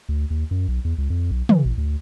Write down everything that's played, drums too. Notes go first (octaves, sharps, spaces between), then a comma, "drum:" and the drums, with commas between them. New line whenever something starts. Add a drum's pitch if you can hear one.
D2
D#2
F#2
B1
E2
C#2
F2
B1
E3, drum: tom
A1
D2